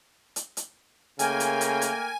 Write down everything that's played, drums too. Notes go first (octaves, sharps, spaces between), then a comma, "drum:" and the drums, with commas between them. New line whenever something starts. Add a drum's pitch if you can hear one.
drum: hi-hat
drum: hi-hat
C#3 A3 A#3 A#4 G5 G#5, drum: hi-hat
drum: hi-hat
drum: hi-hat
drum: hi-hat